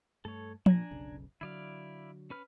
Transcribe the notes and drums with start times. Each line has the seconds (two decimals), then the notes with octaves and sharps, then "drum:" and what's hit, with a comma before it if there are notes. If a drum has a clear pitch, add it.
0.25 G2 A3 A4 C#5
0.66 A#2 D4 G#5 A#5, drum: tom F3
0.91 F1 B1 C#3
1.41 D3 F#3 E4 D5 F5
2.30 C#4 B4 F6